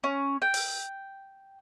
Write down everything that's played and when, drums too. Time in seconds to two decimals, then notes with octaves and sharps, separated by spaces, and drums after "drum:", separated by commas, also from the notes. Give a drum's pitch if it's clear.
0.04 C#4
0.42 G5
0.54 drum: open hi-hat